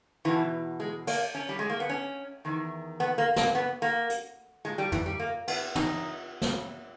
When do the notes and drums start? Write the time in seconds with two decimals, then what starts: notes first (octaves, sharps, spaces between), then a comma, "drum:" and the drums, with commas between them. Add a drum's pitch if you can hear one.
0.25 E2 B2 E3
0.80 G#3
1.07 A#3, drum: cymbal
1.35 C#4
1.49 G3
1.59 G#3
1.70 A#3
1.80 B3
1.89 C#4
2.45 E2 D#3
3.00 B3
3.18 A#3
3.36 A#3, drum: snare
3.55 B3
3.82 A#3
4.10 drum: hi-hat
4.65 A#2 G#3
4.78 G3
4.92 E3, drum: tom
5.06 G3
5.20 A#3
5.48 B3, drum: cymbal
5.75 D#4, drum: tom
6.42 drum: snare